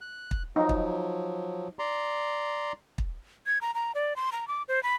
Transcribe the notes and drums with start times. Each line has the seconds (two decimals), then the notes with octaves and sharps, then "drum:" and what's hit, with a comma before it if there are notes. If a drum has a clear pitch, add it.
0.01 F#6
0.31 drum: kick
0.56 F3 F#3 D#4
0.69 drum: kick
1.79 D5 A#5 C6
2.98 drum: kick
3.47 G#6
3.61 A#5
3.75 A#5
3.95 D5
4.16 C6
4.32 A#5
4.48 D6
4.68 C5
4.83 B5